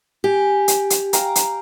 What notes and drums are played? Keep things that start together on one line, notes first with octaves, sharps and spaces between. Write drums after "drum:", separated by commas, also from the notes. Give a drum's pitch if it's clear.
G4 G#5
drum: hi-hat
drum: hi-hat
F5 G5 A#5, drum: hi-hat
drum: hi-hat